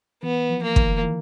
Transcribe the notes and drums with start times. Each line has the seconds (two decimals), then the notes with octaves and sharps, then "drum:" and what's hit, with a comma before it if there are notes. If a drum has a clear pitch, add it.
0.23 E3 B3
0.50 F3
0.63 A#3
0.76 D#3, drum: kick
1.03 E3